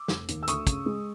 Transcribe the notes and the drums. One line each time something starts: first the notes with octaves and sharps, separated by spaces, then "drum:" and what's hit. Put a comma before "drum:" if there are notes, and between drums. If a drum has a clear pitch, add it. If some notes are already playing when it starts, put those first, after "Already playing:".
Already playing: D6 E6
F1, drum: snare
D#2, drum: hi-hat
E6
D2 C#6 D#6, drum: hi-hat
C#3, drum: kick, hi-hat
G#3